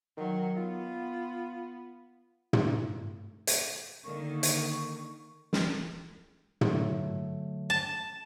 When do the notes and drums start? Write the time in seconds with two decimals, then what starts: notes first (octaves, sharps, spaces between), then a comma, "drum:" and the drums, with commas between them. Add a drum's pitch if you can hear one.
0.17 D#3 F#3
0.57 B3 F4
2.53 drum: tom
3.47 drum: hi-hat
4.04 D3 D#3 A#3 C#6
4.43 drum: hi-hat
5.53 drum: snare
6.61 D3 F#3 A3, drum: tom
7.70 A5